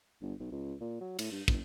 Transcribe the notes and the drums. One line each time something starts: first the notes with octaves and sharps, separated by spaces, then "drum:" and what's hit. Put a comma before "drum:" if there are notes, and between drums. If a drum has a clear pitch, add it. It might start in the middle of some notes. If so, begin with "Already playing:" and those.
G1
B1
C#2
A#2
F#3
A2, drum: cymbal
G2
F#1, drum: kick